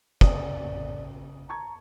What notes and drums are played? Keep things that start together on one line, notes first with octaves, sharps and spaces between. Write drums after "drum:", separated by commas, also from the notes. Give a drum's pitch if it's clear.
C#3 D5 D#6, drum: kick
A5 A#5 C#6 G#6